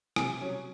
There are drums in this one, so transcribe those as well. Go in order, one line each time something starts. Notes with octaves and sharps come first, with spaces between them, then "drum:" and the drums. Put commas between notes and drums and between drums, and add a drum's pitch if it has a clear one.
C3 G#5, drum: rim click
F#3 C#4